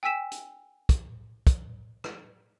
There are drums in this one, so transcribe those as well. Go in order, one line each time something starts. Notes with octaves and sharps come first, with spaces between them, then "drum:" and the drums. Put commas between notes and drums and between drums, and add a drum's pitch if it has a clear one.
G5 G#5 E6 B6 E7
drum: hi-hat
drum: kick, hi-hat
drum: kick, hi-hat
drum: rim click